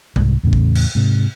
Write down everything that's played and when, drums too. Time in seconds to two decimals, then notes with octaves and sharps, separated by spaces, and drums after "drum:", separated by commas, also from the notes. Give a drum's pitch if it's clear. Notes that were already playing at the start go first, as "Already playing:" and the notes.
0.16 C2 G#2, drum: tom C3
0.43 E2 A2 C#3
0.53 drum: kick A1
0.75 drum: cymbal
0.95 G#2 C3